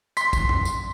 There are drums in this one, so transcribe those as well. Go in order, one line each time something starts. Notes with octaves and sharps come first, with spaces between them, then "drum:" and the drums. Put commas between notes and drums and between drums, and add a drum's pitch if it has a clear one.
C6 B6, drum: tambourine
drum: kick, tambourine
drum: tom F2
drum: tambourine